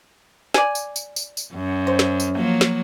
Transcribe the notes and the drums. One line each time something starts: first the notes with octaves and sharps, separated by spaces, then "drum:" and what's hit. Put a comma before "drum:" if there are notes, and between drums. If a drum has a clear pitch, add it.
D5 G#5, drum: snare
drum: tambourine
drum: tambourine
drum: tambourine
drum: tambourine
F#2
C5
drum: snare
drum: tambourine
F3 F#3 A#3
drum: snare